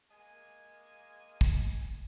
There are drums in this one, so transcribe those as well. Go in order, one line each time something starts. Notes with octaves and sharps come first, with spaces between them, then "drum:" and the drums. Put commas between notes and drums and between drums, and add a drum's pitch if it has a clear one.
G#3 A#3 D#5 G#5
drum: kick